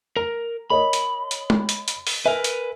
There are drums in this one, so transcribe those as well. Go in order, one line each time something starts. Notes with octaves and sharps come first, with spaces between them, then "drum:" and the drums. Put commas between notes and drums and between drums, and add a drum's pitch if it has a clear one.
A#4 A#5
A#4 C#5 D#5 B5
drum: hi-hat
drum: hi-hat
drum: tom G#3
drum: hi-hat
drum: hi-hat
drum: open hi-hat
A#4 B4 E5 G#5
drum: hi-hat